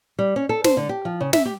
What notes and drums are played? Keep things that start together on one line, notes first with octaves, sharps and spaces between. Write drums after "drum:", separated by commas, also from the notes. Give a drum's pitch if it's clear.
G3
C#4
A4
C5, drum: snare
D3
G4
F3
C#3
E5, drum: snare
G4